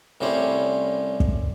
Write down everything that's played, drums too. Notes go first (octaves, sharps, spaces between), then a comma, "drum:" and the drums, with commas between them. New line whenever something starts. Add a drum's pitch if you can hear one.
C2 A2 G3 C#4 C5
drum: kick